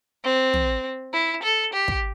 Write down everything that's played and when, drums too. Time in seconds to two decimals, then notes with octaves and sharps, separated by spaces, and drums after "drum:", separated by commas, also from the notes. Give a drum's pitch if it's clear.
0.24 C4
0.54 drum: tom
1.13 E4
1.43 A4
1.73 G4
1.88 drum: kick